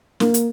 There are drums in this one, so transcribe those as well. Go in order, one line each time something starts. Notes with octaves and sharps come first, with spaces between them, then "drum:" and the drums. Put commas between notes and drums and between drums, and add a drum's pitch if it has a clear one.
A#3, drum: snare
drum: hi-hat